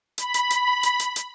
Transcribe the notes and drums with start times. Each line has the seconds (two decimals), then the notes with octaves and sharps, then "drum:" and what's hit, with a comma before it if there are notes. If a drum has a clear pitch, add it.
0.18 B5, drum: hi-hat
0.34 drum: hi-hat
0.50 drum: hi-hat
0.83 drum: hi-hat
1.00 drum: hi-hat
1.16 drum: hi-hat